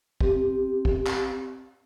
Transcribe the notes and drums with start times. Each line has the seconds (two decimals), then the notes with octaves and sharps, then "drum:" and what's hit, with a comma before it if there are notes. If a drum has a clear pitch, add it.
0.21 C4 G4, drum: kick
0.85 drum: kick
1.07 drum: clap